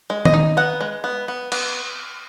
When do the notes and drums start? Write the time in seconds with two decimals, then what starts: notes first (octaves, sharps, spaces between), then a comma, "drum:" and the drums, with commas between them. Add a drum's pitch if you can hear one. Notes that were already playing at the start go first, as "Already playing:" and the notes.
0.10 G#3
0.25 D#5, drum: tom D#3
0.34 D#4
0.57 B3 F#5
0.81 G#3
1.04 B3
1.28 B3
1.52 B3, drum: cymbal